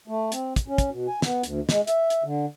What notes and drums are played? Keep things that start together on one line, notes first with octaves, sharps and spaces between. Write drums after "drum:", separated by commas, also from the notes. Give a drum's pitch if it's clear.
A3
C4, drum: hi-hat
drum: kick, hi-hat
C#4
drum: kick, hi-hat
B2
G#5
B3, drum: snare
D2, drum: hi-hat
G#3, drum: snare
E5, drum: hi-hat
drum: hi-hat
D3